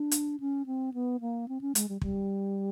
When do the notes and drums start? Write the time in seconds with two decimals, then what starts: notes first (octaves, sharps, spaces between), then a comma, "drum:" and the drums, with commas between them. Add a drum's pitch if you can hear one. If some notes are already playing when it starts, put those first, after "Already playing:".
Already playing: D4
0.11 drum: hi-hat
0.40 C#4
0.66 C4
0.94 B3
1.21 A#3
1.48 C4
1.61 C#4
1.75 G#3, drum: hi-hat
1.89 G3
2.02 G3, drum: kick